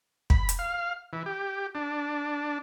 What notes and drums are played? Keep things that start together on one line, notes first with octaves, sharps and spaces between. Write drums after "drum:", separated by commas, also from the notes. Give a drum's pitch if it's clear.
B5, drum: kick
drum: hi-hat
F5
E3
G4
D4